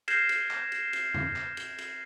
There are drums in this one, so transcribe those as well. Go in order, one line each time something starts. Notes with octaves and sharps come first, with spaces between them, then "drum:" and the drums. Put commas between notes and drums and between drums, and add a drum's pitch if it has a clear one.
F6 G6 G#6 A#6 C7 E7, drum: cymbal
drum: cymbal
drum: clap
drum: cymbal
drum: cymbal
drum: tom E2
drum: clap
drum: cymbal
drum: cymbal